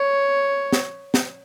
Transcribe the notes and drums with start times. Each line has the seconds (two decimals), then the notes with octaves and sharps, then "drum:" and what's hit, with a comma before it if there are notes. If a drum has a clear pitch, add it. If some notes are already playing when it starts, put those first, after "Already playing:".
Already playing: C#5
0.73 drum: snare
1.14 drum: snare